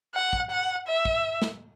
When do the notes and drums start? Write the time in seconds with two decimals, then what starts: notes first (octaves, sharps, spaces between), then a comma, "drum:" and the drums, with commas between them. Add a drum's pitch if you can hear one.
0.15 F#5
0.33 drum: kick
0.51 F#5
0.87 E5
1.05 drum: kick
1.42 drum: snare